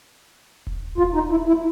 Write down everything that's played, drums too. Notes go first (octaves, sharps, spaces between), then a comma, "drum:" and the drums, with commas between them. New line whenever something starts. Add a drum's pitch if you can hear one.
drum: kick D#1
F4, drum: kick D#1
D#4
E4
E4